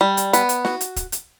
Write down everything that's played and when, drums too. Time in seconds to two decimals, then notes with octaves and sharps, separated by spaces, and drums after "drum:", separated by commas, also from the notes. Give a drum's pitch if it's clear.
0.01 G3
0.17 drum: hi-hat
0.33 B3, drum: hi-hat
0.49 drum: hi-hat
0.65 F#4, drum: snare
0.81 drum: hi-hat
0.96 drum: kick, hi-hat
1.12 drum: hi-hat